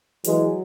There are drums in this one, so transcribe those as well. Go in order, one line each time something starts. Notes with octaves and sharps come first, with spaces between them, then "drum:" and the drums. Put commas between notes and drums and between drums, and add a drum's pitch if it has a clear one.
E3 F#3 G#3, drum: hi-hat